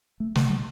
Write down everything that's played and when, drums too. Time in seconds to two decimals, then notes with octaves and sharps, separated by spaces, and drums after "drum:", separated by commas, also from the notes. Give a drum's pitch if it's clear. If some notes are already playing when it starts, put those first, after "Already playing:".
0.20 A3
0.36 A3, drum: snare
0.50 G3